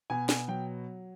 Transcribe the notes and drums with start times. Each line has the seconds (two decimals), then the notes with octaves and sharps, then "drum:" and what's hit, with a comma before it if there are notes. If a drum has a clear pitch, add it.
0.10 B2 G#5
0.29 G#5, drum: snare
0.48 F#3 G5